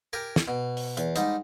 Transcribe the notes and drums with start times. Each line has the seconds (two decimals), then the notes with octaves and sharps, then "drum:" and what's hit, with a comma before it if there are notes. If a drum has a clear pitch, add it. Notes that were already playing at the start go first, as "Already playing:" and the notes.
0.13 G4 A#4 G#5
0.36 drum: snare
0.48 B2
0.77 drum: open hi-hat
0.97 E2, drum: hi-hat
1.16 G#2 G3 D#4, drum: hi-hat